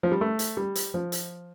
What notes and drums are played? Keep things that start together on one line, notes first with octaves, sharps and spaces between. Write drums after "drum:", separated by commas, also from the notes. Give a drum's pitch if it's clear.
F3
G3
A3
drum: hi-hat
G3
drum: hi-hat
F3
drum: hi-hat